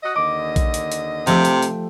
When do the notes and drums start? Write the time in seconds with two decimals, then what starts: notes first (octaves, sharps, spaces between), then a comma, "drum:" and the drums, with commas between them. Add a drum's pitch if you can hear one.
0.03 F#4 D#5
0.16 D#2 D3 D#5 D6
0.56 drum: kick A#1, hi-hat
0.74 drum: hi-hat
0.92 drum: hi-hat
1.27 C3 F3 A3 G4, drum: hi-hat
1.45 drum: hi-hat
1.62 drum: hi-hat